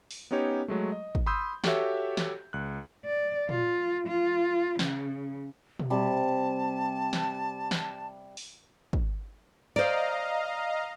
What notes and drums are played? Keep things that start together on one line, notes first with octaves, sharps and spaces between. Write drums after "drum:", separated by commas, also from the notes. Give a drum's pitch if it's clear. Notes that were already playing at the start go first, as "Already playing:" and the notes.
drum: open hi-hat
B3 C#4 D#4 G4 C#5
F#3 G#3 A3
D#5
drum: kick
B5 C6 D#6 E6 G6
F#4 G4 A4 C#5 E5, drum: snare
drum: snare
C#2 F#6
D5
F4, drum: tom A#2
F4
C#3, drum: snare
drum: tom B2
C3 G3 A5
drum: snare
drum: snare
drum: open hi-hat
drum: kick
C5 D5 D#5 F5 A#5